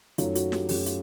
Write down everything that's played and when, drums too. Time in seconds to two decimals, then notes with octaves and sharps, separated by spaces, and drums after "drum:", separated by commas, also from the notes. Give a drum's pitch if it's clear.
0.18 F#2 D#3 F#3 A3 F4, drum: hi-hat
0.35 F#4, drum: hi-hat
0.52 G4, drum: snare
0.69 F#2 D#3 F#3 A3 G4, drum: open hi-hat
0.77 F#4
0.86 F4, drum: hi-hat